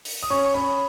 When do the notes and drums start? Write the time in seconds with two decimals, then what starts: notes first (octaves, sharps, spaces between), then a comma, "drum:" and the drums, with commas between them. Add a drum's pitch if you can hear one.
0.05 drum: open hi-hat
0.23 D#6
0.30 C#4 C#6
0.45 C#6
0.54 C#4 B5